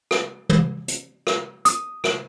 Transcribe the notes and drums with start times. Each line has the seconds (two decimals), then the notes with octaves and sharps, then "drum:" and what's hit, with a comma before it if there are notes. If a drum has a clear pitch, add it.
0.11 drum: rim click
0.49 drum: tom
0.88 drum: hi-hat
1.27 drum: rim click
1.65 D#6, drum: hi-hat
2.04 drum: rim click